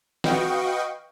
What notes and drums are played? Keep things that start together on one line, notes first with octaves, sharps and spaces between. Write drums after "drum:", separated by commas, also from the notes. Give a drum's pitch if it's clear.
F#4 B4 D#5 F5 G5 C#6, drum: snare